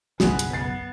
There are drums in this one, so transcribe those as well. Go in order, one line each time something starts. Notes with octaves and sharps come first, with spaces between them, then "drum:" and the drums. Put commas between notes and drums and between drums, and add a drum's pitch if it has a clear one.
F#1 B1 E2 G#4 B4 F#5, drum: snare
drum: hi-hat
B3 A6 C7